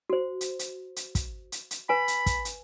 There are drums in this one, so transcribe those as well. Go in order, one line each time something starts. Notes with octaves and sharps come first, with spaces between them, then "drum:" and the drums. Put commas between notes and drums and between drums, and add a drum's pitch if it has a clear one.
F#4 C5
drum: hi-hat
drum: hi-hat
drum: hi-hat
drum: kick, hi-hat
drum: hi-hat
drum: hi-hat
B4 G#5 B5
drum: hi-hat
drum: kick, hi-hat
drum: hi-hat